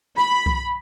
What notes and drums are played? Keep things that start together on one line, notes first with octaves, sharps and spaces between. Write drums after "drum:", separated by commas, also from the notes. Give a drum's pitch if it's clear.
B5, drum: snare
drum: kick C2